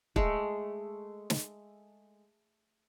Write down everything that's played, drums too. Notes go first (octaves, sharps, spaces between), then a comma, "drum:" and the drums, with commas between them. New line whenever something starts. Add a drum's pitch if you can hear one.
G#3 A3, drum: kick
drum: snare